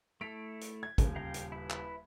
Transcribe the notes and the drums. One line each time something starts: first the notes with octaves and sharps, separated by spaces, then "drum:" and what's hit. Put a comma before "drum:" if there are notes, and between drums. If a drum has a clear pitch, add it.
A3 E4 A4 B6 D7 F7
drum: hi-hat
G#6
D#1 C#3, drum: kick, hi-hat
F5 G5 A#5
drum: hi-hat
E4 B4
drum: clap